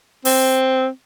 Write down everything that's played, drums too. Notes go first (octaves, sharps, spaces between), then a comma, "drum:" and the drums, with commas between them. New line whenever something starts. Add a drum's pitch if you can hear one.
C4, drum: open hi-hat